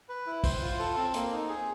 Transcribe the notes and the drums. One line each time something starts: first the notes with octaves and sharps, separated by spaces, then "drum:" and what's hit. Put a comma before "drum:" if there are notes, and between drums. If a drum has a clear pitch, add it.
B4
E4
C5, drum: kick, open hi-hat
F4
A4
C4
A#3, drum: hi-hat
D#4
G#4